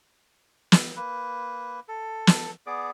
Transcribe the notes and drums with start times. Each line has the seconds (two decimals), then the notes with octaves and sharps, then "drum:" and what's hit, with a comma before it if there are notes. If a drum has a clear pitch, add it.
0.72 drum: snare
0.96 A#3 B4
1.88 A4
2.27 drum: snare
2.66 B3 G#4 D5 D6